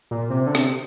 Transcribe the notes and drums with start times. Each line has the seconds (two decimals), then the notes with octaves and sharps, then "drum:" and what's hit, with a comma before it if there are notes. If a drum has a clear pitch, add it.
0.11 A#2
0.30 C3
0.47 D3
0.55 C3, drum: snare